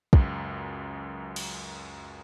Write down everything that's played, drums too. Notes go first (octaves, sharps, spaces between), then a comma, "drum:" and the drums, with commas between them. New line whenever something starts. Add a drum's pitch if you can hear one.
C#2 F#2, drum: kick
drum: cymbal